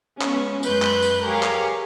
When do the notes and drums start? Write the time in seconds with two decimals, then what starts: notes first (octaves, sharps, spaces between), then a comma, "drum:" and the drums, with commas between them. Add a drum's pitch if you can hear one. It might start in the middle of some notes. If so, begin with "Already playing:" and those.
0.21 G#3 B3 C#4, drum: clap
0.63 F#2 G#3 B4 C6 F#6 G6, drum: tambourine
0.82 drum: clap
1.02 drum: tambourine
1.24 G4 G#4 A#4 C#5 F5 G#5
1.43 drum: clap